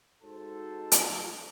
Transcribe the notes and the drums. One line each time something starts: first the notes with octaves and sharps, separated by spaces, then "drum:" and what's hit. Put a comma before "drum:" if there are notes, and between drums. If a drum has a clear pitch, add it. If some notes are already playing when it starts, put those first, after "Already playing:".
G#2 D#4 F#4 A4 C5 A5
drum: hi-hat